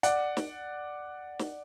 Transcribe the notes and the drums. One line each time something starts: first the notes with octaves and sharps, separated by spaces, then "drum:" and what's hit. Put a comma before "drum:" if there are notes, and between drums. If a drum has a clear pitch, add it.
D5 F#5, drum: hi-hat
drum: snare
drum: snare